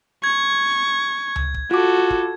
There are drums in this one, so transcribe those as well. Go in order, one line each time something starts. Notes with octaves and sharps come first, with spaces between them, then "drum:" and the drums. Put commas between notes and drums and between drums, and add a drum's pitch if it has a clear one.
C#6 G#6
drum: tom C#2
drum: kick
F4 F#4 A4 D6
drum: kick